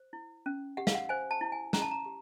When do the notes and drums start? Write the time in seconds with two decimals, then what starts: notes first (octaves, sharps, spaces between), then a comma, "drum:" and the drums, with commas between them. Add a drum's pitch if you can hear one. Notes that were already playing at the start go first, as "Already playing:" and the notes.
Already playing: C5
0.13 E4
0.46 C#4
0.77 G4 F#5
0.87 F5, drum: snare
0.95 F#5
1.09 C5 G#5
1.31 A5
1.41 E4
1.52 G#5
1.73 C#4 A#5, drum: snare
1.82 A5
1.91 A#5
2.06 G4